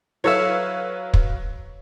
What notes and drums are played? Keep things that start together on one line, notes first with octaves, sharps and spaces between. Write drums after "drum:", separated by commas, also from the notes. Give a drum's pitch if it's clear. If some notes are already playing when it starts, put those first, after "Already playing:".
F#3 E4 A4 B4 C#5 E5 F5 E6
drum: kick